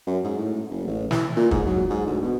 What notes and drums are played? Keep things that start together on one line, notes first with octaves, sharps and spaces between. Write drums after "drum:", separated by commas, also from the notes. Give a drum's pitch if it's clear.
F#2
G#2
A2
F#1
A1
E3, drum: snare
A#2
G#2, drum: kick
F#3
G#2
D2
B2